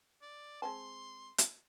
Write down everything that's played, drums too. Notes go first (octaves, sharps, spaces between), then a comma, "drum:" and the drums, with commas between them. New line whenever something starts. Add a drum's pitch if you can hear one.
D5
G#3 C4 A5 C6
drum: hi-hat